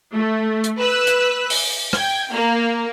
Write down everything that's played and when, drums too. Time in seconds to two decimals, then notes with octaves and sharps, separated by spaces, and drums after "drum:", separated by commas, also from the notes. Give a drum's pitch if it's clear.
0.13 A3
0.64 drum: hi-hat
0.78 B4 E6 F#6
1.07 drum: hi-hat
1.50 drum: open hi-hat
1.93 G5 G#6, drum: rim click
2.32 A#3